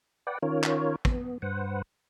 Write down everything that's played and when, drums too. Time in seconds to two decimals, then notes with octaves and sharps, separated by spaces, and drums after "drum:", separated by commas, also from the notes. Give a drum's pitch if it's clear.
0.27 B4 D5 F#5 G5
0.42 D#3 C#4 F4 A#4 C#5
0.63 drum: clap
1.05 B3, drum: kick
1.42 G2 B4 C5 F#5